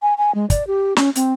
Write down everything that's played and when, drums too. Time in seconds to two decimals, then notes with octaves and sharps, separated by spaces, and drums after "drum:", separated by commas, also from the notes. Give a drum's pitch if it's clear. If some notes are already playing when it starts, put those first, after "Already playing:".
0.02 G#5
0.18 G#5
0.35 G#3
0.50 D5, drum: kick, hi-hat
0.67 G4
0.96 C#4, drum: snare
1.15 C4, drum: hi-hat